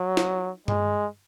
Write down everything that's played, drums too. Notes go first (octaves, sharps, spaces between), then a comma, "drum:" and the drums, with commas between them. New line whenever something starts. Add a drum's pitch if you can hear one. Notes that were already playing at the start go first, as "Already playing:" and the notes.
Already playing: F#3
drum: snare
G#3, drum: tom G2